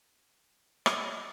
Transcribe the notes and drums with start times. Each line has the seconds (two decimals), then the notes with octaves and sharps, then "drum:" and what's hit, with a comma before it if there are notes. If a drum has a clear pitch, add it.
0.86 D5 D#5, drum: rim click